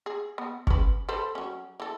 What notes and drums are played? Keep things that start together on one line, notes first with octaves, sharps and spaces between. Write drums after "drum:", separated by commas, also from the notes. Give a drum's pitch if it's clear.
G#4
B3
C#4 B4, drum: kick G1
A4 B4 C5
F#3 C#4
E3 A4